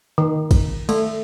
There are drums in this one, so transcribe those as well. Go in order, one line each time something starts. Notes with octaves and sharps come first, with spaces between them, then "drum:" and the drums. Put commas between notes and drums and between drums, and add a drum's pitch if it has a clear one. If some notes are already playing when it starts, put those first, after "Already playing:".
D#3
drum: kick, cymbal
A3, drum: cymbal